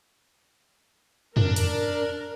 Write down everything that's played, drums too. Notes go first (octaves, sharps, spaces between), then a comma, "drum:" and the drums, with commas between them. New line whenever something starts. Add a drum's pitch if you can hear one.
D4 A#4, drum: tom
drum: hi-hat